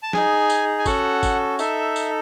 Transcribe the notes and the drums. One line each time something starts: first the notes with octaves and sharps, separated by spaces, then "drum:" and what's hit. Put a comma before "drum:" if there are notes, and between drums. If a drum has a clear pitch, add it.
A5
D#4 G#4 G#5, drum: snare
drum: tambourine
G#5
C#4 F#4 A4 F#5, drum: kick G#1, tambourine
drum: kick G#1, tambourine
D#4 A4 E5, drum: tambourine
drum: tambourine